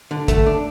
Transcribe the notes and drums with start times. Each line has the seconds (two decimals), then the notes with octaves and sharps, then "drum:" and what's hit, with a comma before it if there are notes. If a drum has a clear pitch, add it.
0.11 D3
0.28 A3, drum: kick, hi-hat
0.46 D4